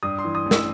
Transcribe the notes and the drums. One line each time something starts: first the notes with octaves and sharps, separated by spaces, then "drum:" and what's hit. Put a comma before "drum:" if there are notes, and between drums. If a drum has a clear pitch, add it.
G2 D#6
C6
E3
D#6
A1
E6, drum: snare